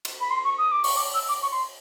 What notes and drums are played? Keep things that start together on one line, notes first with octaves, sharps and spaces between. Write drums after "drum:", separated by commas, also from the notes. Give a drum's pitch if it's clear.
drum: cymbal
B5
C6
C#6
D#6
D6
C#6, drum: open hi-hat
D6
E6
D6
C#6
C6